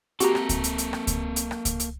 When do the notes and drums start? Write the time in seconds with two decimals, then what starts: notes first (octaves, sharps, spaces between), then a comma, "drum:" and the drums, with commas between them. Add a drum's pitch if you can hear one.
0.20 A#3 C4 F#4 G4 A4 A#5, drum: hi-hat
0.35 drum: rim click
0.49 drum: kick C#2, hi-hat
0.64 drum: hi-hat
0.78 drum: hi-hat
0.93 drum: rim click
1.07 drum: kick C#2, hi-hat
1.36 drum: hi-hat
1.51 drum: rim click
1.65 drum: kick C#2, hi-hat
1.80 drum: hi-hat